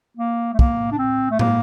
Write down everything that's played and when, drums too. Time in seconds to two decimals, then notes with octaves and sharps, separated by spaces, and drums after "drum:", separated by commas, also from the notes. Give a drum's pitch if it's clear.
0.17 A#3
0.54 A3
0.59 A#3, drum: kick
0.92 D4
0.98 C4
1.31 A3
1.39 A#3, drum: tom A2